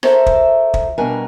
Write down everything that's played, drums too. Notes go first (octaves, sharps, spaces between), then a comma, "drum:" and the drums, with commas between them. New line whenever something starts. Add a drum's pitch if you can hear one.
F#4 A4 A#4 C5 E5, drum: rim click
drum: kick
drum: kick
B2 G3 D4 F#4 A#4 G#5